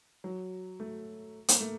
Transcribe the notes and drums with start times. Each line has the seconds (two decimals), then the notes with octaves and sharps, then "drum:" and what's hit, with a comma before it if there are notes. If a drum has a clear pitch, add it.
0.24 F#3
0.80 A3
1.48 A#3, drum: hi-hat
1.60 A3